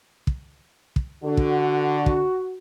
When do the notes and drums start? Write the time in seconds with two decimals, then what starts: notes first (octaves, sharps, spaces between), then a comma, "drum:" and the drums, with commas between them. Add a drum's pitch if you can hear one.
0.27 drum: kick
0.96 drum: kick
1.24 D3 F#4
1.37 drum: kick
2.06 drum: kick